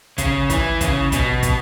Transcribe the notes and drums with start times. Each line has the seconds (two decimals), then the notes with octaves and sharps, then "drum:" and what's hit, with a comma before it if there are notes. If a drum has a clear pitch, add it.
0.18 C#3, drum: kick, hi-hat
0.50 E3, drum: kick, hi-hat
0.81 C#3, drum: kick, hi-hat
1.12 B2, drum: kick, hi-hat
1.43 drum: kick, hi-hat